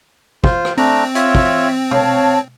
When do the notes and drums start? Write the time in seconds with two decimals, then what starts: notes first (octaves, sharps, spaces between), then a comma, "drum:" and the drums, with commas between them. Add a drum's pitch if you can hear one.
0.44 F4 C5, drum: kick
0.65 drum: rim click
0.78 A3 C4 D4 A#5
1.15 F4 C#5 E5, drum: hi-hat
1.35 drum: kick
1.91 C#5 F5 A5, drum: tom B2